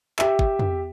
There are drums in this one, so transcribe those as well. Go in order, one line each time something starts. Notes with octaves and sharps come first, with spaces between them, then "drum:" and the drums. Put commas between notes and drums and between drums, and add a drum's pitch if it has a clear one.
G4 E5, drum: clap
drum: kick G#1
drum: tom